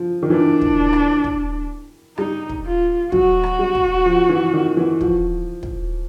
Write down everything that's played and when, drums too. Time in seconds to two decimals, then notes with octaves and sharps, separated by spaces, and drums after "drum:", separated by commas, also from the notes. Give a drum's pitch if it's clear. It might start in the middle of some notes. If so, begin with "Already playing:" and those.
Already playing: F3
0.23 D#3
0.30 E3 D4
0.62 drum: kick
0.93 drum: rim click
1.24 drum: kick
2.18 G3 D#4, drum: rim click
2.50 drum: kick
2.66 F4
3.12 F#3 F#4, drum: kick
3.43 drum: rim click
3.59 G3
3.75 drum: kick
4.06 F3
4.29 E3
4.54 D#3
4.77 E3
5.01 F3, drum: kick
5.63 drum: kick